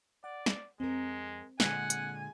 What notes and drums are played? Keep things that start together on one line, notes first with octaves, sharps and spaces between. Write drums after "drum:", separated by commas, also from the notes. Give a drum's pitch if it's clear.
D5 F#5
drum: snare
F2 G#3 C4 A#4
A#2 D3 G#3 F#5 G#5, drum: snare
drum: hi-hat